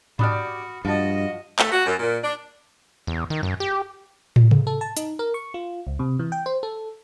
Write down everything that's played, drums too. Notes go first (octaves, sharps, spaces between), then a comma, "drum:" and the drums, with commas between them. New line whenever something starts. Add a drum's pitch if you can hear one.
D4 F#4 G4 D5 B5 D#6 F6, drum: tom G#2
G2 F3 F#4 D#5
A3, drum: clap
F#4
F#2
A#2
D4
E2
D#3
F#2
G4
drum: tom
drum: tom C3
A4
A5
D#4, drum: hi-hat
A#4
C#6
F4
C#2
C3
E3
G5
C5
A4